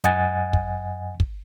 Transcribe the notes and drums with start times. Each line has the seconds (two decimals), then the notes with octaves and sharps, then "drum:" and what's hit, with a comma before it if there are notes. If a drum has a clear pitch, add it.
0.04 F#2 D#5 F#5 G#5 A6, drum: hi-hat
0.53 drum: kick
1.20 drum: kick